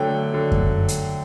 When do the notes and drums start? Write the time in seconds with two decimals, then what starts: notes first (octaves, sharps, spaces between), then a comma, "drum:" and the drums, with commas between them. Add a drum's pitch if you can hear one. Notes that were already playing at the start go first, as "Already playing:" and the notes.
Already playing: D3 F#3 A3 G5
0.32 D3 F#3 A3
0.52 drum: kick F#2
0.88 drum: hi-hat